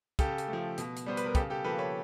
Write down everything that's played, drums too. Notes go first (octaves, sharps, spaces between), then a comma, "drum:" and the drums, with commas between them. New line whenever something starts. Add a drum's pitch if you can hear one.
C#3 G4 A4, drum: kick, hi-hat
drum: hi-hat
A3
F3
B2, drum: hi-hat
drum: hi-hat
G3 B3 C5
B4, drum: hi-hat
A#4
C#3 G4 A4, drum: kick, hi-hat
G4 A4
F3 A#3 A4 B4
B4 C#5